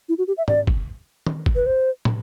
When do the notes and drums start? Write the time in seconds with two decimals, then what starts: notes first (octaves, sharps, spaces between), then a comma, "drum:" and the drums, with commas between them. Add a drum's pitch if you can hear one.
0.09 E4
0.18 F#4
0.28 G4
0.38 E5
0.48 D5, drum: tom G#2
0.67 drum: kick
1.27 drum: tom D#3
1.46 drum: kick
1.55 B4
1.66 C5
2.05 drum: tom